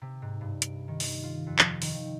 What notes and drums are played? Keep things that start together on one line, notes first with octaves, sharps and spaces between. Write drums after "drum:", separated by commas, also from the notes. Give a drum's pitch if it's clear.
C3
G#2
G2
D7, drum: hi-hat
D#3
drum: open hi-hat
F4
F2
F3, drum: clap
D#3, drum: open hi-hat